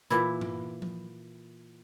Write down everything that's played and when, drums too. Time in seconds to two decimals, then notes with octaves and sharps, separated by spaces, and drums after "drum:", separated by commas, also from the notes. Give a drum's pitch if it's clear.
0.10 A#2 E3 E4, drum: hi-hat
0.41 drum: tom
0.82 drum: tom F3